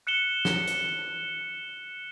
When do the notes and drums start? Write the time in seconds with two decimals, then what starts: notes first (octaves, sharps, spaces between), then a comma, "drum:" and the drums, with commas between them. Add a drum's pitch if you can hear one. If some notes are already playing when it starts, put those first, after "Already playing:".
0.07 F#6 C#7 E7 G7
0.45 drum: snare
0.68 drum: hi-hat